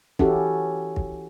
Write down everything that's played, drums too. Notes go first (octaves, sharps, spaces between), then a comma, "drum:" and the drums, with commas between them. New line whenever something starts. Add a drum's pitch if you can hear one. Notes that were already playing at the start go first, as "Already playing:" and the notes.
E3 C#4 E4 F#4 G4 A4, drum: kick
drum: kick